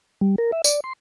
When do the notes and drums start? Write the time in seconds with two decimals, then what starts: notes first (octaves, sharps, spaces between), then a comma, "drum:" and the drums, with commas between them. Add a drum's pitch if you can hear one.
0.21 G3
0.38 A#4
0.52 E5
0.64 D5, drum: tambourine
0.84 C6